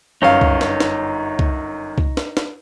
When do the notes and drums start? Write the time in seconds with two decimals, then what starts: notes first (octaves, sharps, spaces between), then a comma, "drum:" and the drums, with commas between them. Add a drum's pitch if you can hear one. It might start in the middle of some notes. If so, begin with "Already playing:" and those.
0.22 G1 F#2 D#4 C#5 F5
0.41 drum: kick
0.61 drum: snare
0.80 drum: snare
1.39 drum: kick
1.98 drum: kick
2.17 drum: snare
2.37 drum: snare